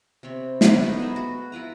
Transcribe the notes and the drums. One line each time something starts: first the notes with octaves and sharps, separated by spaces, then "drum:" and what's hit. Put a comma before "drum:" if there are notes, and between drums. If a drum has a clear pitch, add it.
C3 C4 C#5 B5
D3 D4 B5, drum: snare
F#3 A3 B3 D#4
G#4 D#5 E5
F#4
E4 F4 B4 A#5